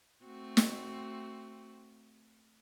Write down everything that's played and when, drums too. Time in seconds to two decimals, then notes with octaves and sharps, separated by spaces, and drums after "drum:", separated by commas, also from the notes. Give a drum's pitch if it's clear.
0.24 A3 C4 F#4
0.57 drum: snare